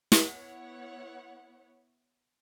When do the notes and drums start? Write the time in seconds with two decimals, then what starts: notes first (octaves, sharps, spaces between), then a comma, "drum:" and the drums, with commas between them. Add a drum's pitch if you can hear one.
0.12 drum: snare
0.21 B3 E4 C#5 F#5